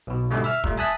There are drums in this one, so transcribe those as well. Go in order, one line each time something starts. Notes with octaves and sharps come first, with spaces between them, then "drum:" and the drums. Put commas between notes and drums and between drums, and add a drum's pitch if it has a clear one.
B1 B2
G#2 B2 D3 G3 A3
E5 E6 F6
A#2 G3 A3, drum: kick
E5 G#5 A5 D#6 F#6 B6